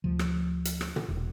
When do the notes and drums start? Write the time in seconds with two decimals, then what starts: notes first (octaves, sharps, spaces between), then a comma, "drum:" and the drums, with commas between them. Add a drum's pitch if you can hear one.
0.04 D2 C3 F3
0.19 drum: rim click
0.65 drum: hi-hat
0.81 drum: rim click
0.96 drum: tom
1.08 E1